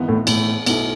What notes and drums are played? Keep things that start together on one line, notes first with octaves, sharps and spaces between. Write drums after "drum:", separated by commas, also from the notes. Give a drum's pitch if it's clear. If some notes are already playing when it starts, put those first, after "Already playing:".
Already playing: G#1 G#2 E3 G#3 B3
A2 A3
A2 A3, drum: cymbal
B1 B2 A3 E4, drum: cymbal